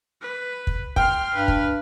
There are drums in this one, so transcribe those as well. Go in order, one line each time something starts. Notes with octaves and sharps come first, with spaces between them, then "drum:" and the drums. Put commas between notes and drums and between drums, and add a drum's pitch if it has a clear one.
B4
drum: kick
G5 C6 F6, drum: kick
G2 B4 F6
drum: kick